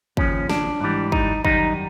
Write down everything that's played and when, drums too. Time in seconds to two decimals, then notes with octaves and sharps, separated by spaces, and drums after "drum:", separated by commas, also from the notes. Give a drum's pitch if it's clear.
0.17 D#2 C#3 F3 C#4, drum: kick
0.49 D4, drum: snare
0.81 G#2 E3 G3
1.12 D#4, drum: kick
1.45 F#2 D#3 G3 D#4, drum: kick